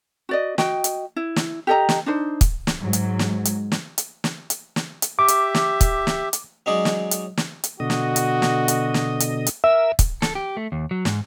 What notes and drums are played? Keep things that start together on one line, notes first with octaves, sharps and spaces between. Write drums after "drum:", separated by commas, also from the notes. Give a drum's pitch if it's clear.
F#4 D5 D#5
F#4 D#5 G5, drum: snare
drum: hi-hat
E4
drum: snare
G4 A4 D#5 A#5
drum: snare
D4 D#4 C5
drum: kick, hi-hat
drum: snare
G#2 F#3
drum: hi-hat
drum: snare
drum: hi-hat
drum: snare
drum: hi-hat
drum: snare
drum: hi-hat
drum: snare
drum: hi-hat
G4 E5 D6
drum: hi-hat
drum: snare
drum: kick, hi-hat
drum: snare
drum: hi-hat
F#3 G#3 C#4 D#4 G#4 D5
drum: snare
drum: hi-hat
drum: snare
drum: hi-hat
B2 D3 F#4 D#5
drum: snare
drum: hi-hat
drum: snare
drum: hi-hat
drum: snare
drum: hi-hat
drum: hi-hat
A#4 E5 E6
drum: kick, hi-hat
A4, drum: snare
G4
A3
D#2
F#3
G#2, drum: snare